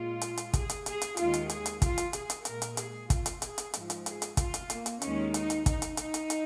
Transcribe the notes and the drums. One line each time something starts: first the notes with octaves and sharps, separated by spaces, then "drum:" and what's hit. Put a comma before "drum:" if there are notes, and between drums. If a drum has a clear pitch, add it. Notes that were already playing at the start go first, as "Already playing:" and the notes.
Already playing: A#2 G#3 F4
drum: hi-hat
drum: hi-hat
G#4, drum: kick, hi-hat
drum: hi-hat
G#4, drum: hi-hat
drum: hi-hat
D#2 D#3 G#3 F4, drum: hi-hat
drum: hi-hat
G#4, drum: hi-hat
drum: hi-hat
F4, drum: kick, hi-hat
drum: hi-hat
G#4, drum: hi-hat
drum: hi-hat
A#2 G#3 A#4, drum: hi-hat
drum: hi-hat
G#4, drum: hi-hat
F4, drum: kick, hi-hat
drum: hi-hat
G#4, drum: hi-hat
drum: hi-hat
G#2 F3 G#3, drum: hi-hat
drum: hi-hat
G#4, drum: hi-hat
drum: hi-hat
F4, drum: kick, hi-hat
drum: hi-hat
A#3, drum: hi-hat
drum: hi-hat
D#2 D#3 G#3 C#4, drum: hi-hat
D#4, drum: hi-hat
drum: hi-hat
D#4, drum: kick, hi-hat
drum: hi-hat
D#4, drum: hi-hat
drum: hi-hat
drum: hi-hat